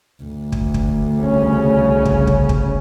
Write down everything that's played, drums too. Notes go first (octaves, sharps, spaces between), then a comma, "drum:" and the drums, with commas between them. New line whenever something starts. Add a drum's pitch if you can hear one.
D2
drum: kick
drum: kick
C2 C#3 C#4
drum: kick
drum: kick
drum: kick